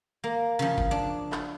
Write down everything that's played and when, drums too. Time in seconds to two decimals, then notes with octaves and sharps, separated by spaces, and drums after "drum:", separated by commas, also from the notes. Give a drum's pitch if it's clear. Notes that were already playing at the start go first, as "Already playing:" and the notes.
0.24 A#3
0.59 C#3 F3
0.78 drum: kick
0.91 D4
1.32 drum: clap